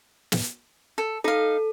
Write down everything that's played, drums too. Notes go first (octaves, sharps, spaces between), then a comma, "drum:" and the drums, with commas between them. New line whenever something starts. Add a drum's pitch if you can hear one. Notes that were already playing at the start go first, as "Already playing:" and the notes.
drum: snare
A4
D#4 A4 F5